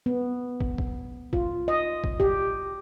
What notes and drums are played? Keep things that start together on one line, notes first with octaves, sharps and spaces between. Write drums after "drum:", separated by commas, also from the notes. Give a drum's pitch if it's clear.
B3
drum: kick
drum: kick
F4, drum: kick
D#5
drum: kick
G4, drum: kick